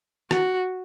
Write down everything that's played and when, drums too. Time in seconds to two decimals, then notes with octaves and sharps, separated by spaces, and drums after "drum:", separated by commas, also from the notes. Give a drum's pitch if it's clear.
0.31 F#4, drum: rim click